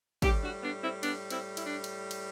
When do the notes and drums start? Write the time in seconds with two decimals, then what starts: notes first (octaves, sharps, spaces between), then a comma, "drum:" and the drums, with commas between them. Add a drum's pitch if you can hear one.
0.22 A2 G3 E4 G4, drum: kick, cymbal
0.43 D4 F#4
0.63 B3 D4
0.83 C4 E4
1.03 B3 D4, drum: cymbal
1.30 C4 E4, drum: cymbal
1.57 E4, drum: cymbal
1.65 D4
1.84 drum: cymbal
2.11 drum: cymbal